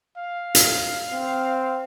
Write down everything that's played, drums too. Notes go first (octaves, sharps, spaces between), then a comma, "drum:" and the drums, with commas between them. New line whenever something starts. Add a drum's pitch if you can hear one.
F5
drum: hi-hat
C4